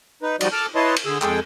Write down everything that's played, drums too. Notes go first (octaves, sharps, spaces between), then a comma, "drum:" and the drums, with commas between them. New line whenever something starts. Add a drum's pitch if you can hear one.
D#4 B4
F3 G3 D#4 F#4 D5 D#5, drum: cymbal
A4 A5 D6 E6 F6
E4 B4 C#5 D#5 A5 C6
drum: cymbal
D3 G#4 E6
F2 G#3 G#4 A4 G5, drum: clap